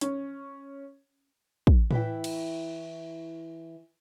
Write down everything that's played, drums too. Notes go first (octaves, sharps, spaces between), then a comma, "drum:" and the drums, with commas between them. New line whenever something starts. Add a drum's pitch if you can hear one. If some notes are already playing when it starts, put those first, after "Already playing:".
C#4, drum: hi-hat
drum: kick
E3 E4 E5 G5, drum: tom A2
drum: cymbal